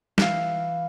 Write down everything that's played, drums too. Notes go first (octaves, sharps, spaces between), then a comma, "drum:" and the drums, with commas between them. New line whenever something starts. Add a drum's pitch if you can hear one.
E3 F5, drum: snare